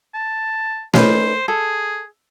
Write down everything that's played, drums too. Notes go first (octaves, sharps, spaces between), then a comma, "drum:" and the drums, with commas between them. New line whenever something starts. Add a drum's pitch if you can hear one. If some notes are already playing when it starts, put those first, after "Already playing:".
A5
C#4 D#4 B4 C5, drum: snare A3
G#4 A4